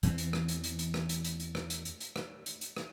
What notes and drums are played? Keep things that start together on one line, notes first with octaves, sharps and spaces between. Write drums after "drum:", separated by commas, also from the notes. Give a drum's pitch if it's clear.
E2 E3 C4, drum: hi-hat
drum: hi-hat
drum: rim click
drum: hi-hat
drum: hi-hat
drum: hi-hat
drum: rim click
drum: hi-hat
drum: hi-hat
drum: hi-hat
drum: rim click
drum: hi-hat
drum: hi-hat
drum: hi-hat
drum: rim click
drum: hi-hat
drum: hi-hat
drum: rim click